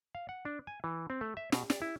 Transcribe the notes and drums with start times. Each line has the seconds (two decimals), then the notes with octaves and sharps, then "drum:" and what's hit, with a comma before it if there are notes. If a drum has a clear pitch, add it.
0.15 F5
0.29 F#5
0.45 D4
0.67 G#5
0.84 E3
1.10 C4
1.21 A3
1.37 E5
1.52 B2, drum: snare
1.70 D5, drum: snare
1.82 E4